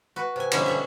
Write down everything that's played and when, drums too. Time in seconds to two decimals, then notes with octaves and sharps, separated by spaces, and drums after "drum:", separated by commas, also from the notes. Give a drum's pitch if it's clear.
0.16 F#4 B4
0.36 C3 G#5
0.51 B2 D3 F3 G3 G#3 C#4, drum: cymbal
0.66 A4 C#5 E5